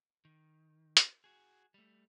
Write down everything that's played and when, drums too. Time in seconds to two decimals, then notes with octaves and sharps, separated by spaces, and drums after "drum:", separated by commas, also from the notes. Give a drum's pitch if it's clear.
0.25 D#3
0.97 drum: hi-hat
1.24 F#4 G#4
1.74 G3 A3